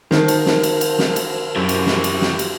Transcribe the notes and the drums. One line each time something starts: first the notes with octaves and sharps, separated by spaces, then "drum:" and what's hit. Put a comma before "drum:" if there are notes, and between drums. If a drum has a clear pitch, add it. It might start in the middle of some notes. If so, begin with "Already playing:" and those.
D#3 A#4 C5 A5, drum: snare
drum: cymbal
drum: snare
drum: cymbal
drum: cymbal
drum: snare
drum: cymbal
F#2 E4 G4
drum: cymbal
drum: snare
drum: cymbal
drum: snare
drum: cymbal